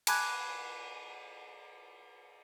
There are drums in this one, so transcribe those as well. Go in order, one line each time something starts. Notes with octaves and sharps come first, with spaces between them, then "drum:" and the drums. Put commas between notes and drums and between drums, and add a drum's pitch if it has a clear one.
G#5 A5 B5 D6 F#6 G#6, drum: cymbal